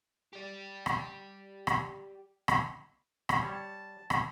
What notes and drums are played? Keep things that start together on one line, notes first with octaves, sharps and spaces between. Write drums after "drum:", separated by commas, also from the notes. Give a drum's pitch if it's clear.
G4 D5
drum: rim click
drum: rim click
drum: rim click
drum: rim click
G3 C#5 A5
drum: rim click